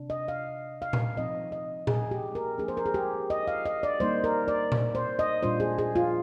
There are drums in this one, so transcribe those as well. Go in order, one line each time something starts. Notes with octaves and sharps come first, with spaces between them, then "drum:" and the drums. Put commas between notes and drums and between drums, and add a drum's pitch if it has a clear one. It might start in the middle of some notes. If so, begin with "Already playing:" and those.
Already playing: C3 D4
D#5
F5
F5
drum: tom A#2
F3 C4 D#4 D#5
D#5
G#4, drum: tom A#2
G4
A#4
F3 A#3 D4 G#4
C5
A#4
G#4
G4
D#5
F5
D#5
D5
G3 A#3 D#4 C5
A#4
D5
drum: tom A#2
C5
D#5
A#2 G3 D4 F4 C5
G#4
G#4
F4